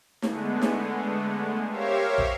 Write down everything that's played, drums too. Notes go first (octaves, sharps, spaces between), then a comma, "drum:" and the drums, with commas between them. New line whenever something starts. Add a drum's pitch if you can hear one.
D3 G#3 A3 B3, drum: snare
drum: snare
G4 A#4 C5 C#5 E5 F5
drum: kick